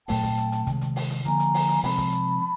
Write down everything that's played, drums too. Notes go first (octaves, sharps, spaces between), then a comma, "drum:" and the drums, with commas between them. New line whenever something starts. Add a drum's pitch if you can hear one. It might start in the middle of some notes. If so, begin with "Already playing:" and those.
A#2 F#3 A3 C4 G5 A5, drum: open hi-hat
drum: kick, hi-hat
drum: hi-hat
drum: hi-hat
C3 D#3 G#3, drum: kick, hi-hat
drum: hi-hat
drum: open hi-hat
drum: hi-hat
D3 F3 A#3 G#5 A#5, drum: hi-hat
drum: hi-hat
drum: open hi-hat
drum: hi-hat
C3 F3 G#3 C4 A5 B5, drum: open hi-hat
drum: kick, hi-hat
drum: hi-hat